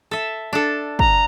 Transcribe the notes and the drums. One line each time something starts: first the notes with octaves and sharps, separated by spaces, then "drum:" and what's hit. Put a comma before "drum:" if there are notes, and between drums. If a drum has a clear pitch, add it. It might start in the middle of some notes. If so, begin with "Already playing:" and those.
A4 E5
D4 A4
A#5, drum: kick